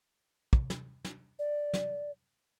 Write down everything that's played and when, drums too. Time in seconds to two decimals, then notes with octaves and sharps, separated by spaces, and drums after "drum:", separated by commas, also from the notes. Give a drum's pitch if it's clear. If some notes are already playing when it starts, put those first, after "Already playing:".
0.53 drum: kick
0.70 drum: snare
1.04 drum: snare
1.39 D5
1.73 drum: snare